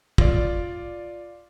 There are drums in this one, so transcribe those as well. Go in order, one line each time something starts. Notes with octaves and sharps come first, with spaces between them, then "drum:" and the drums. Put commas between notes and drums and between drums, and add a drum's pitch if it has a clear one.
F4 D5, drum: kick